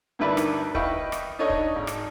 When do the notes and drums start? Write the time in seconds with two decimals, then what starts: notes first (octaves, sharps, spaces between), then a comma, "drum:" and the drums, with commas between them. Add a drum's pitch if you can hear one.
0.19 D2 G2 D#3 E4 B4 D5
0.37 drum: rim click
0.75 E4 B4 D#5 F5 G5 C#6, drum: kick
1.12 drum: rim click
1.39 D4 D#4 A4 C#5 D#5
1.50 drum: kick
1.75 G#1
1.87 drum: rim click